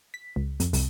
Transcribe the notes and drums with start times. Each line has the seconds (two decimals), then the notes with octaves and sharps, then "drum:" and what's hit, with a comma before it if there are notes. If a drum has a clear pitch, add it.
0.14 B6
0.36 C#2
0.60 F2, drum: hi-hat
0.73 C2, drum: open hi-hat